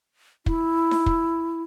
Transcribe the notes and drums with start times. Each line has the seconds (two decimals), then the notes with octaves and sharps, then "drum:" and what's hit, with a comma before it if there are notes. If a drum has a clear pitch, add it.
0.46 E4, drum: kick
0.91 drum: snare D#4
1.06 drum: kick